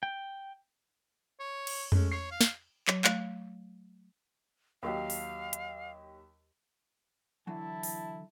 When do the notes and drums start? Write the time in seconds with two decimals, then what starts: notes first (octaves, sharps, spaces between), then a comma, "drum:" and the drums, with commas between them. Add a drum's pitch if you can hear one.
0.03 G5
1.40 C#5
1.67 drum: cymbal
1.92 G#3 A3 C#4, drum: tom F2
2.12 C#5 C7
2.31 F5
2.41 drum: snare
2.88 F#3, drum: clap
3.04 A3, drum: clap
4.83 D#2 F#3 G4 F5
5.10 drum: open hi-hat
5.53 drum: hi-hat
7.47 D3 E3 F#3 E4 A5
7.83 drum: open hi-hat